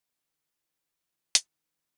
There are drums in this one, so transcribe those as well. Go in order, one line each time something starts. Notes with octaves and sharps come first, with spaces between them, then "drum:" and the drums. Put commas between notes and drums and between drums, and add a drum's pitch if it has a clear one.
D#3
D#3
E3
D#3, drum: hi-hat